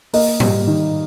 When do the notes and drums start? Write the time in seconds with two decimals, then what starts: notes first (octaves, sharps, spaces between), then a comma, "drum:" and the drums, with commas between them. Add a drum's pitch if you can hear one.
0.13 A#3 D#5, drum: open hi-hat
0.40 G3, drum: tom G#2
0.67 D#3